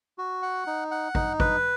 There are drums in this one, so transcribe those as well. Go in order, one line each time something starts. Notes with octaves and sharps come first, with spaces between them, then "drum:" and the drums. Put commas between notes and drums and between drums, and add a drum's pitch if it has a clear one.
F#4
F#5
D#4
F#5
D#4, drum: kick
B4, drum: kick